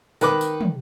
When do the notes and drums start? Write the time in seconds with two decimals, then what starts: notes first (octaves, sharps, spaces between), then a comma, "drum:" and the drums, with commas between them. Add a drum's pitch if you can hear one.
0.21 D#3 B4 D6, drum: tambourine
0.41 drum: tambourine
0.61 drum: tom